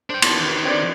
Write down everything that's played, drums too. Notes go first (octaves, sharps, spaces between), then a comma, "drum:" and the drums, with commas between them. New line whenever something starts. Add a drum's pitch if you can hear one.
D4 C5 G5
E2 A#3 A5 C6, drum: cymbal
D#3
C4 D4 D5